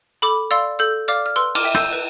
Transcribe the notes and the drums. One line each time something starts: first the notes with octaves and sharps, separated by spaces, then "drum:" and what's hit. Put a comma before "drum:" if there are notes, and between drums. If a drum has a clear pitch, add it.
A4 B5 D6
D5 F5 C6 E6
A4 E6 G6
D5 F5 D6 F6
F6
B4 C6 E6
D6 F6, drum: cymbal
E5 G5
E6 G6, drum: rim click
B4